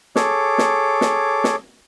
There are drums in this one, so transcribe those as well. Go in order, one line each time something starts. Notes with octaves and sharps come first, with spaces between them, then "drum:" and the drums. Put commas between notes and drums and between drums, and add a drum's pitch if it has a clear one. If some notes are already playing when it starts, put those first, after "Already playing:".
G#4 A4 C#5 D6, drum: snare
drum: snare
drum: snare
drum: snare